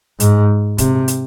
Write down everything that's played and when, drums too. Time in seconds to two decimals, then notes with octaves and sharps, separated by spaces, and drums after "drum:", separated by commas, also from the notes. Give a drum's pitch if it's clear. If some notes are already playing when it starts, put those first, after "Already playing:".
0.20 G#2, drum: hi-hat
0.78 C3, drum: kick, hi-hat
1.08 drum: hi-hat